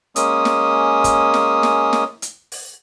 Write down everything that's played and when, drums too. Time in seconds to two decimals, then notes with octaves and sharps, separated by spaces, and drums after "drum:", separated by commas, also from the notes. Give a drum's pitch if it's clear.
0.16 G#3 A#3 C#4 D#6, drum: hi-hat
0.45 drum: snare
1.04 drum: kick, hi-hat
1.34 drum: snare
1.63 drum: snare
1.93 drum: snare
2.22 drum: hi-hat
2.52 drum: open hi-hat